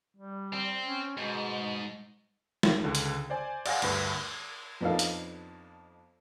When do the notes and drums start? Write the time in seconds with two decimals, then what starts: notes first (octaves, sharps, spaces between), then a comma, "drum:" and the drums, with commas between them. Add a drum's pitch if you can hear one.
0.17 G3
0.53 C4
0.85 C#4
1.17 G#2 B2
2.63 drum: snare
2.84 C#2 D3
2.95 drum: hi-hat
3.30 C5 D5 G#5
3.66 D5 F5 F#5 G#5 A#6, drum: cymbal
3.82 D2 G2 B4 A#6, drum: cymbal
4.81 F2 B3 D4 D#4 A4 F5
4.99 drum: hi-hat